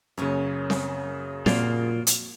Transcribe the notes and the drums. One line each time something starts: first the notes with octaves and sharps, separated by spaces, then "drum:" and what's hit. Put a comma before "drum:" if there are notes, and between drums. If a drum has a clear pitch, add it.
F#2 C#3 A#3 C#4 C#5
drum: snare C4
F2 A#2 A#3 F4 F#4, drum: snare C4
drum: hi-hat